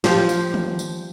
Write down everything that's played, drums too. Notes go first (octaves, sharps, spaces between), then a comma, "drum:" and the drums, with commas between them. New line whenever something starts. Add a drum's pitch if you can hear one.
F3 F4 G4, drum: snare
drum: tambourine
drum: tom
drum: tambourine